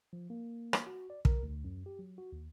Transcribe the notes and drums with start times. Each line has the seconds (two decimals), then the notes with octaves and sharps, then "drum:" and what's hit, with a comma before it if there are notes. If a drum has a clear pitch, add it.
0.13 F3
0.30 A#3
0.73 drum: rim click
0.87 F#4
1.10 D5
1.25 A#4, drum: kick
1.43 D2
1.64 F#2
1.86 G4
1.99 F#3
2.18 F#4
2.32 D#2